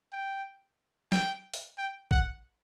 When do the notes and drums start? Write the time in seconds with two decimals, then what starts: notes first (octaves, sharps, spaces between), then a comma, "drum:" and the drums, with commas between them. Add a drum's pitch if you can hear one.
0.13 G5
1.12 G5, drum: snare
1.54 drum: open hi-hat
1.78 G5
2.11 F#5, drum: kick A#1